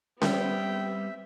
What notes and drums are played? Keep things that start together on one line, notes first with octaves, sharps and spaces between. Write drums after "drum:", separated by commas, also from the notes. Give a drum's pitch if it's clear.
G3 B3 C4 E5 G5, drum: snare C#4